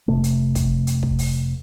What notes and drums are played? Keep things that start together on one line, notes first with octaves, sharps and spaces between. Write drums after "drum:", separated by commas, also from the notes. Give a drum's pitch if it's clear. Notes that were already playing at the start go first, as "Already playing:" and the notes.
F1 C3 A3
drum: hi-hat
drum: kick, hi-hat
drum: hi-hat
drum: kick
drum: open hi-hat